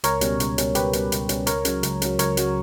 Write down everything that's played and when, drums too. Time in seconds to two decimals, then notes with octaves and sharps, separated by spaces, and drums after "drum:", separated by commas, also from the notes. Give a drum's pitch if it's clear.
0.04 C#2 A#4 C#5, drum: hi-hat
0.21 B2 G3 C#4, drum: hi-hat
0.40 C#2, drum: hi-hat
0.58 B2 G3 C#4, drum: hi-hat
0.75 C#2 G4 B4, drum: hi-hat
0.93 B2 G3 C#4, drum: hi-hat
1.12 C#2, drum: hi-hat
1.29 B2 G3 C#4, drum: hi-hat
1.47 C#2 A#4 C#5, drum: hi-hat
1.65 C#3 F#3, drum: hi-hat
1.83 C#2, drum: hi-hat
2.02 C#3 F#3, drum: hi-hat
2.19 C#2 A#4 C#5, drum: hi-hat
2.37 C#3 F#3, drum: hi-hat